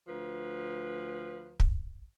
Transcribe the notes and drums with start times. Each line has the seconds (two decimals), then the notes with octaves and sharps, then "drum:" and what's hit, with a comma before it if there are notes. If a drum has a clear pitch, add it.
0.08 D2 F3 B4
1.60 drum: kick